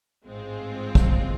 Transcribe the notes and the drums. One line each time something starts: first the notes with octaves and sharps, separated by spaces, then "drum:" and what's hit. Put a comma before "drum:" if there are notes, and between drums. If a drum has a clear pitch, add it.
A1 G#2 G#3 C4 F4
drum: kick